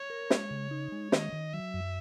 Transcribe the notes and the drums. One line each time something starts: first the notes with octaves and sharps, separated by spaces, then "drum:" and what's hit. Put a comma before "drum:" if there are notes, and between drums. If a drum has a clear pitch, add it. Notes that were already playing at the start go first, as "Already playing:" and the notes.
Already playing: C#5
A#4
G#3, drum: snare
C#3
D#4
G#3
D#3 D#5, drum: snare
D#3
F#3 E5
F#2